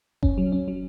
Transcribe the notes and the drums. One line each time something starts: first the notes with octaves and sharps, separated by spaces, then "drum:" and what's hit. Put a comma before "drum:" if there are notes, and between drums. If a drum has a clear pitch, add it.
C#4, drum: kick F#1
F#3
C#4
F#3